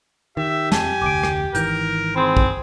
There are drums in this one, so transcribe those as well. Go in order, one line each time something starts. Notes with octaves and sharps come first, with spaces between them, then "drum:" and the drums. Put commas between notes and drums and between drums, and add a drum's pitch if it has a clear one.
D#3 G4 E5
F2 G#5 A5, drum: snare
F1 D2 D6 D7
drum: rim click
G#1 D#3 E3 A#4 G6, drum: hi-hat
C4 G#4 B5 C6
drum: kick A#1